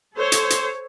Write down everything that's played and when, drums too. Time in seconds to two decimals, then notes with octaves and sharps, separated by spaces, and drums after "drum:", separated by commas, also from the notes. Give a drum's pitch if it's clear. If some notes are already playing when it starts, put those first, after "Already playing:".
0.13 A4 C5 C#5
0.32 drum: hi-hat
0.50 drum: hi-hat